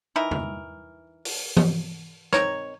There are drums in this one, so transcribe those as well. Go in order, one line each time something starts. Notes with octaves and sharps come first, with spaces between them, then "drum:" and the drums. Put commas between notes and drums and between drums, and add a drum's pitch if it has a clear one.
E3 D#4 E4 A#4
drum: tom
drum: open hi-hat
drum: tom E3
C4 D#4 A#4 C#5, drum: rim click